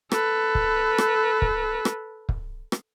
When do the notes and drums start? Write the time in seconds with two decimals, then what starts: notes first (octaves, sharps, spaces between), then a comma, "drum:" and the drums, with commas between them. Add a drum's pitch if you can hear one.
0.12 A4 B4, drum: rim click
0.55 drum: kick
0.98 drum: rim click
1.42 drum: kick
1.85 drum: rim click
2.29 drum: kick
2.72 drum: rim click